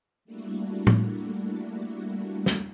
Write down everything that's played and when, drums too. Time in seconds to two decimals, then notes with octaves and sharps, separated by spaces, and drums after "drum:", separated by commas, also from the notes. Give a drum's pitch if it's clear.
0.25 G3 A3 A#3 D4 E4 F#4
0.87 drum: tom A2
2.46 drum: snare